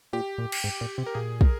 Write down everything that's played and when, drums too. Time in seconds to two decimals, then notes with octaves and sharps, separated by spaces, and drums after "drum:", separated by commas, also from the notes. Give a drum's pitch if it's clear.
0.13 A#2 G4
0.38 A#2
0.52 drum: cymbal
0.64 G#2
0.81 A#2
0.98 C3
1.06 A#4
1.15 A#2 G#4
1.41 A#4, drum: kick